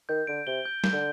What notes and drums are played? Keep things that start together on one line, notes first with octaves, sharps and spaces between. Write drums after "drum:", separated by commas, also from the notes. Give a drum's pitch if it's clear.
D#3 G6
D3 D7
C3 G7
G6
G6, drum: snare
D3